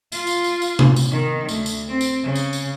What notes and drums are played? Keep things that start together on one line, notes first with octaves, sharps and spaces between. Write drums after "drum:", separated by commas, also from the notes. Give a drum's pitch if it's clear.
F4, drum: tambourine
drum: tambourine
drum: tambourine
drum: tambourine
drum: tom C3
drum: tambourine
D#3
D2, drum: tambourine
drum: tambourine
C4
drum: tambourine
C#3
drum: tambourine
drum: tambourine